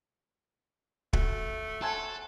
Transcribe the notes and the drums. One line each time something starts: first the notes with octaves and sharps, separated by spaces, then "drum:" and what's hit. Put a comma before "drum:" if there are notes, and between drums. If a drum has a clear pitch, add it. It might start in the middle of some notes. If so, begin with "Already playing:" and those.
A3 F#4, drum: kick
A4 C#5 F#5 G#5 A5 C6 G#6